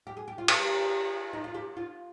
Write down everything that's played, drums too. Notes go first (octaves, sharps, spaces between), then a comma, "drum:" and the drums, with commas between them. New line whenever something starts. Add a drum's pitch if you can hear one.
G4
G#4
G4
F4
G4, drum: cymbal
D#4
F4
G4
F4